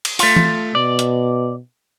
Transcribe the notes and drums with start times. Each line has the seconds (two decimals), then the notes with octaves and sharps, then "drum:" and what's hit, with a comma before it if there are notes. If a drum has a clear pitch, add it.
0.05 drum: cymbal
0.19 A3 F4, drum: open hi-hat
0.36 drum: tom E3
0.75 B2 D5
0.99 drum: hi-hat